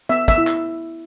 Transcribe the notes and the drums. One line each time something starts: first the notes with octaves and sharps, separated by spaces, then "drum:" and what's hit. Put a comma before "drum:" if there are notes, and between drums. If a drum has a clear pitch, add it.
B3 E5
E5, drum: kick, hi-hat
E4
drum: clap